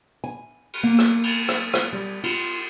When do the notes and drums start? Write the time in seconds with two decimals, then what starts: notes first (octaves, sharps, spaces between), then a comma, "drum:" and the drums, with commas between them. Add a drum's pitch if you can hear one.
0.24 G#5
0.74 drum: cymbal
0.83 A#3
0.99 drum: rim click
1.24 drum: cymbal
1.49 drum: rim click
1.74 drum: rim click
1.93 G3
2.24 F4, drum: cymbal